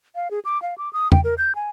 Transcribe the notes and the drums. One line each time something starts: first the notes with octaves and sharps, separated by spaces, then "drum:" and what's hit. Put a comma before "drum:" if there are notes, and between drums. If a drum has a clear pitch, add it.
F5
G#4
D6
F5
D6
D#6
G5, drum: tom E2
A#4
G6
G#5